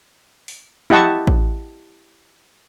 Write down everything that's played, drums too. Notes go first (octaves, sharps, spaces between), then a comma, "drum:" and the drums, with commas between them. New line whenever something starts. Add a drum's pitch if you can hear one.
drum: open hi-hat
E4 G4 D#5 F#5 A5 C#6, drum: tom F3
drum: kick A1